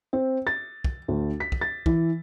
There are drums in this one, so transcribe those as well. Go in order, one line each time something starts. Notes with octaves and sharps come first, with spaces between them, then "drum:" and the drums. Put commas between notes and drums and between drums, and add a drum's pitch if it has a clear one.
C4
A6
drum: kick
D2
B6
drum: kick
A6
E3, drum: kick